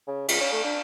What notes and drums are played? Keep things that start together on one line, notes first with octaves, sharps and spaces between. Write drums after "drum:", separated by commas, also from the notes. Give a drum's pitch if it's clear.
C#3
C#2, drum: cymbal
C#4
A3
D4